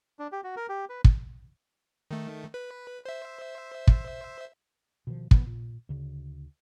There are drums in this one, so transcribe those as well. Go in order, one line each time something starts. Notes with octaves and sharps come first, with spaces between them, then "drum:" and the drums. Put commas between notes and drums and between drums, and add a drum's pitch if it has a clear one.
D4
G4
F#4
A#4
G4
B4
drum: kick
D#3 A3
B4
C5 E5
drum: kick
B2 D#3 F3
A#2 F3 B3, drum: kick
A#2
D2 C#3